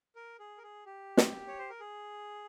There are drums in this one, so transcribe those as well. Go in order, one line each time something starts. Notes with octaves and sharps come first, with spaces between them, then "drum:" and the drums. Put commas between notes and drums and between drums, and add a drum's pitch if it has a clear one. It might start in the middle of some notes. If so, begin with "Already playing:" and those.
A#4
G#4
A#4
G#4
G4
drum: snare
C#5
C5
A#4
G#4